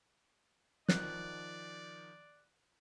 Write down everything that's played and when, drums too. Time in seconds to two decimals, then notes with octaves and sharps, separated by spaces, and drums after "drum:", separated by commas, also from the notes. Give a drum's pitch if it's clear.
0.89 D#3 F3 D5 F#6, drum: snare